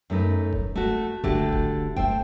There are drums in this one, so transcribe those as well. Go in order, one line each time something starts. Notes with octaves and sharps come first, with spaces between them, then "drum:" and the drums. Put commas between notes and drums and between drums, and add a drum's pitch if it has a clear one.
F#2 A3 D#4 B4
drum: kick D#1
A3 F#4
D3 A3 F#4 G4, drum: kick D#1
drum: kick D#1
A3 C5 G5, drum: kick D#1